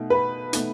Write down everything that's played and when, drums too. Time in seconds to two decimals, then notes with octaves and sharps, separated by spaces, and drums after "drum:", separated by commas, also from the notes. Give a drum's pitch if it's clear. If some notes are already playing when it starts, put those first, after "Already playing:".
Already playing: B2 A3 D#4
0.10 B4
0.53 B2 A3 D#4, drum: hi-hat